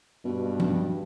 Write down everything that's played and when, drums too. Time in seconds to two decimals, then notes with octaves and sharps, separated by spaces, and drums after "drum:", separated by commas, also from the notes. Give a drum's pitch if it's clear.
0.25 G2 B2
0.60 drum: tom F3